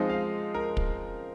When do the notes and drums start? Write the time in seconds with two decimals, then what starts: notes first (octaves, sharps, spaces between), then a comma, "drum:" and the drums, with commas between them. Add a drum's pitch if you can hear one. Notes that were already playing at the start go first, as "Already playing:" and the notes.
Already playing: F3 G#3 C4 D#4 D#5
0.09 F5
0.54 A#4
0.77 drum: kick